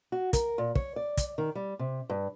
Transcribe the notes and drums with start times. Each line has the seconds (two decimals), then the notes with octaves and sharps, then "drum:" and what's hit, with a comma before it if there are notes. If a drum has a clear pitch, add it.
0.12 F#4
0.33 A#4, drum: kick, hi-hat
0.58 A#2
0.75 C#5, drum: kick
0.96 D5
1.17 drum: kick, hi-hat
1.38 D#3
1.55 G3
1.79 C3
2.10 G2